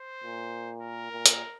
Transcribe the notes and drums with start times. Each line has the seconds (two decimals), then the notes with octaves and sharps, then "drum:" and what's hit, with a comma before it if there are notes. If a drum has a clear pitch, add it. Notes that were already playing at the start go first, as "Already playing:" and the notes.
Already playing: C5
0.23 A#2
0.82 A#4
1.11 A#2
1.26 drum: hi-hat